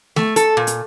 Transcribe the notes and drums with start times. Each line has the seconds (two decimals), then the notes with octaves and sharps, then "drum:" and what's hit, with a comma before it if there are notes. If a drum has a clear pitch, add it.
0.16 A3, drum: snare A3
0.36 A4, drum: hi-hat
0.57 A#2
0.67 drum: hi-hat